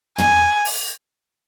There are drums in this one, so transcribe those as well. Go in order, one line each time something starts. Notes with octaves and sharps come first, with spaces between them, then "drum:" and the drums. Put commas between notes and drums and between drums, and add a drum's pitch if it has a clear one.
G#5, drum: tom
drum: open hi-hat